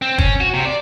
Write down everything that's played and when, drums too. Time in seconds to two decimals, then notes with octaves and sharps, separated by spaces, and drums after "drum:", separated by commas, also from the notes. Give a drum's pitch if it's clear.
0.02 C4
0.18 C#4, drum: kick
0.40 F#4
0.54 C3
0.65 D5